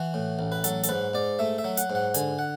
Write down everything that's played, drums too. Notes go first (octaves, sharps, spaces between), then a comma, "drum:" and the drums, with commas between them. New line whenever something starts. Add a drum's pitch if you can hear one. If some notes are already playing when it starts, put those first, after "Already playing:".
Already playing: E3 F#4
A2
A1
B4
F#3 A4, drum: hi-hat
A4, drum: hi-hat
G#2 B4
G#2 D5
A3 E5
E5
F#3
F#5, drum: hi-hat
G#2
F#5
D3 G#5, drum: hi-hat
F#5